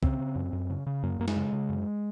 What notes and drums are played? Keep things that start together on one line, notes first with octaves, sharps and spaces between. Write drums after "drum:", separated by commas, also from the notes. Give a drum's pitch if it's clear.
C#3 C4, drum: kick
C#3
F#2
F#2
C#3
C#3
F#2 A#3
F#2 A#3
G#3, drum: snare
C#3
C#3
F#2